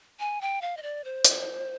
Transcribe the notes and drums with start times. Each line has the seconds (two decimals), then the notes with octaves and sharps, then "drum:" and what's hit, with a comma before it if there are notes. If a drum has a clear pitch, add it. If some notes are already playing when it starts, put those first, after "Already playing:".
0.20 G#5
0.41 G5
0.62 F5
0.77 D#5
0.83 D5
1.04 C5
1.25 drum: hi-hat